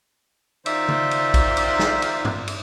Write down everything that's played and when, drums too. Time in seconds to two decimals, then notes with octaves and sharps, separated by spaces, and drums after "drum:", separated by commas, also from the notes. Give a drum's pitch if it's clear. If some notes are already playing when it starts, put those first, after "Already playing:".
0.66 D#3 D#4 F4 C5 D5 E5, drum: cymbal
0.89 drum: tom C#3
1.11 drum: cymbal
1.34 drum: kick A#1, cymbal
1.57 drum: cymbal
1.79 drum: snare
2.02 drum: cymbal
2.25 drum: tom G2
2.48 drum: cymbal